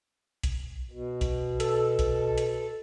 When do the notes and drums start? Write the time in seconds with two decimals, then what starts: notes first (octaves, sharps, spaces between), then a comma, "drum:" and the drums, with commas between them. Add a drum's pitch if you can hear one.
0.43 drum: kick B1, hi-hat
0.91 B2
1.21 drum: kick B1, hi-hat
1.60 A4, drum: hi-hat
1.99 drum: kick B1, hi-hat
2.38 drum: hi-hat